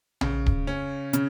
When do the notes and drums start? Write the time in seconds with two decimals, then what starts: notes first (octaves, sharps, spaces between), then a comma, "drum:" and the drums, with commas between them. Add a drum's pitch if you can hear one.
0.21 C#3, drum: tom A#1
0.46 drum: kick D1
0.67 C#4
1.13 C#3, drum: hi-hat